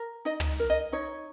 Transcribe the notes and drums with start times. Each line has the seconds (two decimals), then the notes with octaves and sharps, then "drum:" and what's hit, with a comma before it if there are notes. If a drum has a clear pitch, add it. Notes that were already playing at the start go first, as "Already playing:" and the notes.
Already playing: A#4
0.25 D#4 D#5
0.40 drum: tom
0.60 A#4
0.70 D#5
0.92 D#4 C#5